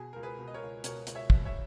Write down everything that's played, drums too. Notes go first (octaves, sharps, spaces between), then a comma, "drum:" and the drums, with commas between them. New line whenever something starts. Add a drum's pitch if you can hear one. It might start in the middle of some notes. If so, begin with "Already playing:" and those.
Already playing: B2 G#4
C#2 A#4
G#4 B4
B2
D#5
A#4 C#5
C#2
B2 A#4 C#5, drum: hi-hat
C#2, drum: hi-hat
C#5 E5
B2, drum: kick
C#5 E5